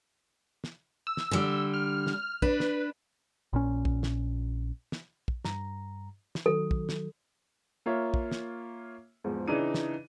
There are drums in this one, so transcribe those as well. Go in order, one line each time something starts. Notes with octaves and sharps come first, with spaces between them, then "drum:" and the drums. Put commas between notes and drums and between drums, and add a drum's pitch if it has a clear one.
drum: snare
E6
drum: snare
D3 G3
F6
drum: snare
D4 B4, drum: kick
drum: snare
A#1 A#2 C#4
drum: kick
drum: snare
drum: snare
drum: kick
G2 A#5, drum: snare
drum: snare
D#3 F#3 A4
drum: kick
drum: snare
A#3 F4 C#5 E5
drum: kick
drum: snare
E2 G#2 F3
C#3 E3 D4 D#4 D#7
drum: snare